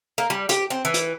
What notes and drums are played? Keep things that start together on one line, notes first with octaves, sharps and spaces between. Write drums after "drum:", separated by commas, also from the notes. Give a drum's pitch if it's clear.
A#3
G3
G4, drum: hi-hat
C4
E3
drum: hi-hat